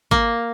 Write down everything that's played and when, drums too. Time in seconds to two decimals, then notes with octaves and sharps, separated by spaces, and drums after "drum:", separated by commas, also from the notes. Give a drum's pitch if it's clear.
0.11 A#3, drum: kick G#1